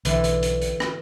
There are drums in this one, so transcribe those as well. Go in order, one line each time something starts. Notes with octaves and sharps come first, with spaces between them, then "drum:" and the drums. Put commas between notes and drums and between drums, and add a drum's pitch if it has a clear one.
B1 D3 E3 G3, drum: hi-hat
drum: hi-hat
drum: hi-hat
drum: hi-hat
drum: rim click